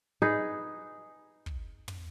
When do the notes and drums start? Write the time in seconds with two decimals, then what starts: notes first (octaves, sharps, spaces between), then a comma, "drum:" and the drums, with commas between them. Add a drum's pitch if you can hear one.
0.22 D#4 G#4 B4
1.46 drum: kick
1.88 drum: tom